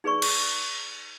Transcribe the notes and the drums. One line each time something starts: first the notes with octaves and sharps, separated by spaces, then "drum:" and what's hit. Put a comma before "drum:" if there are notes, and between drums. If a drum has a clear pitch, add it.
D#4 G#4 B4 D5 C#6
drum: cymbal